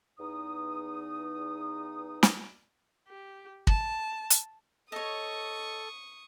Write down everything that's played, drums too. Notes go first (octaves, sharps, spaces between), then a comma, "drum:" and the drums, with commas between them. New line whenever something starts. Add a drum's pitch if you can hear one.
E2 D#4 D#6
drum: snare
G4
A5, drum: kick
drum: hi-hat
A4 C#5 D#5 C#6 D#6